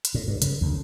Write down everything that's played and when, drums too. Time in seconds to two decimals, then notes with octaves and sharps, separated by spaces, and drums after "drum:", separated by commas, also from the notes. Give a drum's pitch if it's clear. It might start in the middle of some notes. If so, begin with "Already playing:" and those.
0.05 drum: hi-hat
0.14 A2
0.28 G2
0.42 C#3, drum: hi-hat
0.61 D2